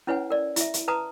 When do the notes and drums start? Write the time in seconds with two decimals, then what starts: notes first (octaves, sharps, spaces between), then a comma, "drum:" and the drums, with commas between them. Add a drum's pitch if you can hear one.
0.07 C#4 E4 B4 C#5 F#5 G#5
0.30 A#4 D5
0.56 E4 E5, drum: hi-hat
0.74 drum: hi-hat
0.88 B4 A5 A#5 D#6